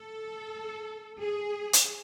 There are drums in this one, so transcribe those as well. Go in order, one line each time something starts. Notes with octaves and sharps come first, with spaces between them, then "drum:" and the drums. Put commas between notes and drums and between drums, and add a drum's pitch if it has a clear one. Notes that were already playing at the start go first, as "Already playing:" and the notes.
Already playing: A4
G#4
drum: hi-hat